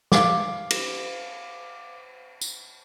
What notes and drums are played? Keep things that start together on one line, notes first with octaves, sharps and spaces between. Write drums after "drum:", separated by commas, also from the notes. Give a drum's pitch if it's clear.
F5 D6, drum: snare
drum: cymbal
drum: tambourine